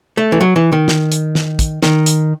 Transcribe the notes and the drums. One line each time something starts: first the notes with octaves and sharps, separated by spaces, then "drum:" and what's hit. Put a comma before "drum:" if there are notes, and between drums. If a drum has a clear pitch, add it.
A3
E3
F#3
E3
D#3
drum: snare
drum: hi-hat
drum: snare
drum: kick, hi-hat
D#3, drum: snare
drum: hi-hat